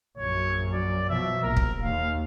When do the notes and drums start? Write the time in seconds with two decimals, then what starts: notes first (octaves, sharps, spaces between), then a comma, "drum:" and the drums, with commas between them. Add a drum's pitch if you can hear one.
0.18 A#1 F#2 F#3 C#5
0.73 D5
1.09 B2 F3 F#3 E5
1.43 A#1 A#4
1.57 drum: kick
1.82 D#2 F5